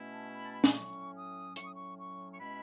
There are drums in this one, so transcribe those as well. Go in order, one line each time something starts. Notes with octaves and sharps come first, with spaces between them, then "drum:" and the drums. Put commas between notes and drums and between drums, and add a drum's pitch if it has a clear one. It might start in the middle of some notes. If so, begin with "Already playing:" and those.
Already playing: B2 A3 C#4 E4
A5
B5
A5
B5
drum: snare
A2 F#3 C#4 C#6
D#6
A2 F#3 C#4 C#6, drum: hi-hat
D#6
C#6
C#6
C#6
B2 G#3 C#4 E4 B5